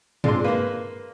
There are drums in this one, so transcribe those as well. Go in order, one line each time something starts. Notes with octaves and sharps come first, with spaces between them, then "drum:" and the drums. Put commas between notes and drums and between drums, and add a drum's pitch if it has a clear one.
G#3 C4 D4 F4 D5 C6, drum: tom G2
A#3 B4 F5